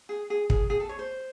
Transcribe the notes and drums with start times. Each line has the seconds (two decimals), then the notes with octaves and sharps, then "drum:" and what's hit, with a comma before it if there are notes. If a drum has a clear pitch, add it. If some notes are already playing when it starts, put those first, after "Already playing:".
0.09 G#4
0.30 G#4
0.50 G#4, drum: kick
0.70 G#4
0.80 A4
0.89 C#5
0.99 C5